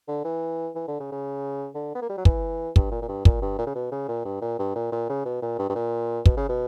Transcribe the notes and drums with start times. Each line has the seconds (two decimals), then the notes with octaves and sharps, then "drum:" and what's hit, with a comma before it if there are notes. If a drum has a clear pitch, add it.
0.08 D3
0.25 E3
0.75 E3
0.88 D3
1.00 C#3
1.12 C#3
1.75 D3
1.95 B3
2.02 A#3
2.10 G3
2.18 F#3
2.25 E3, drum: kick
2.76 G2, drum: kick
2.92 A#2
3.02 A#2
3.09 G2
3.25 A#2, drum: kick
3.42 G2
3.59 A#2
3.67 C#3
3.75 B2
3.92 C#3
4.08 A#2
4.25 G2
4.42 A#2
4.59 G2
4.76 A#2
4.92 A#2
5.09 C#3
5.26 B2
5.42 A#2
5.59 G2
5.70 G2
5.75 A#2
6.26 B2, drum: kick
6.37 C#3
6.49 B2